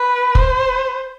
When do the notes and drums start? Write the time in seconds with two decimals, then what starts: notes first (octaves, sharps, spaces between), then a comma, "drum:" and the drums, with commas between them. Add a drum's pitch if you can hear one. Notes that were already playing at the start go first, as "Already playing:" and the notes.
Already playing: B4
0.35 C5, drum: kick